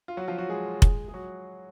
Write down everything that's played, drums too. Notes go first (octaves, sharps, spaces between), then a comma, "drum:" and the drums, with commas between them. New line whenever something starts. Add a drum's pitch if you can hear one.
F4
F#3 F#4
F3 F4
F#3 F#4
G#3 G#4
drum: kick F1
G#4
F#3 F#4